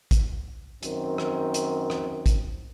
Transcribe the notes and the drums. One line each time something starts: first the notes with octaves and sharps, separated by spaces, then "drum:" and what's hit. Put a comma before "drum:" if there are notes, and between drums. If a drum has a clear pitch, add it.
drum: kick, hi-hat
F#2 D#3 C4, drum: hi-hat
drum: rim click
drum: hi-hat
drum: rim click
drum: kick, hi-hat